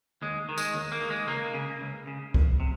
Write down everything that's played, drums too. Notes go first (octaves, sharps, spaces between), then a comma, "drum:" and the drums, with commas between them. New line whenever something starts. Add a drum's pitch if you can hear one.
D#2 G#3
D#3
G#3, drum: tambourine
D#2
A#3
D#3
G#3
C#2 A#3
C#3
C#2
C#3
C2, drum: kick C2
C3